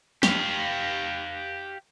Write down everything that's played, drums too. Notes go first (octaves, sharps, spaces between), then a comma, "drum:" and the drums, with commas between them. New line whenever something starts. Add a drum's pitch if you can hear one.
G4 F5, drum: snare